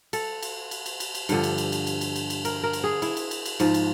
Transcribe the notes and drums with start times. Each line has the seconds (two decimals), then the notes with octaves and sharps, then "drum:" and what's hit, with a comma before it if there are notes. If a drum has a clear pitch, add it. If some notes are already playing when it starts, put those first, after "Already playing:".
0.13 A4, drum: cymbal
0.42 drum: cymbal
0.71 drum: cymbal
0.86 drum: cymbal
1.00 drum: cymbal
1.15 drum: cymbal
1.29 G2 D3 F3, drum: cymbal
1.43 drum: cymbal
1.58 drum: cymbal
1.72 drum: cymbal
1.87 drum: cymbal
2.01 drum: cymbal
2.16 drum: cymbal
2.30 drum: cymbal
2.45 A#4, drum: cymbal
2.63 A#4
2.73 drum: cymbal
2.84 G#4
3.02 E4, drum: cymbal
3.17 drum: cymbal
3.31 drum: cymbal
3.45 drum: cymbal
3.60 G#2 F3, drum: cymbal
3.74 drum: cymbal